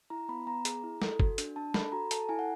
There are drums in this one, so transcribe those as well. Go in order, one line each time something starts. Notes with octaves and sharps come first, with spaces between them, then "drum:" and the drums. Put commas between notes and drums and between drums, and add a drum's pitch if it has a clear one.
E4 A#5
B3 B5
B3 A#5
G#4, drum: hi-hat
E4
A4, drum: snare
F#4, drum: kick
D4, drum: hi-hat
D4 A5
A4 B5, drum: snare
F#4 A#5
A4 A5, drum: hi-hat
E4 G#5
F#5